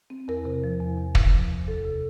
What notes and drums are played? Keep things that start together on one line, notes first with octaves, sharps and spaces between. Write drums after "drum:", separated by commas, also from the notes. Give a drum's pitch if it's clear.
C4
E2 A#4
C3
F3
E2
E2
C3, drum: kick
F3
E2
D2 A4
C3